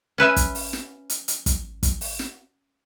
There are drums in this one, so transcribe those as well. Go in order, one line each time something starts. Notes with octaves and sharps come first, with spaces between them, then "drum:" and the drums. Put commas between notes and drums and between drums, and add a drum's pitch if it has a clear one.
C#4 B4 E5 G#5
drum: kick, hi-hat
drum: open hi-hat
drum: snare
drum: hi-hat
drum: hi-hat
drum: kick, hi-hat
drum: kick, hi-hat
drum: open hi-hat
drum: snare